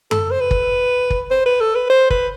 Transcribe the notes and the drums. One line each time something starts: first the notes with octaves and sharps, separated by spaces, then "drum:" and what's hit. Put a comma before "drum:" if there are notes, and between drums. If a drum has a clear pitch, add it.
A4, drum: tom F#2
C5
B4
drum: kick
drum: kick
C5
B4
A4
B4
C5
B4, drum: kick